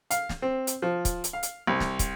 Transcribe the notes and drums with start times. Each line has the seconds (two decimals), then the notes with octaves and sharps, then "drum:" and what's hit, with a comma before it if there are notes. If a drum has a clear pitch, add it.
0.11 F5, drum: hi-hat
0.29 drum: snare
0.42 C4
0.67 drum: hi-hat
0.82 F3
1.05 drum: kick, hi-hat
1.24 drum: hi-hat
1.33 F5
1.43 drum: hi-hat
1.67 C2
1.80 drum: snare
1.99 drum: kick, hi-hat